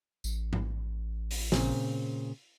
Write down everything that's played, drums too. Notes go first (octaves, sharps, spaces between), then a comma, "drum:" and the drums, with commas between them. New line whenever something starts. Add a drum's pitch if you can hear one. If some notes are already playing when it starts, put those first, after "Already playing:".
A1, drum: tambourine
drum: tom G#2
drum: open hi-hat
A#2 C#3 C4, drum: snare